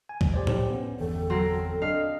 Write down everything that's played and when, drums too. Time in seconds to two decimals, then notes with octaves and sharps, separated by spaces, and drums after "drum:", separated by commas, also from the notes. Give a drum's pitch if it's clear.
0.09 G#5
0.21 drum: kick C2
0.34 G4 C5 D5
0.47 drum: tom A2
0.70 B3 C#4
1.00 G1 E2 A4 G5
1.30 F#3 C4 A#4
1.82 D4 D#5 F5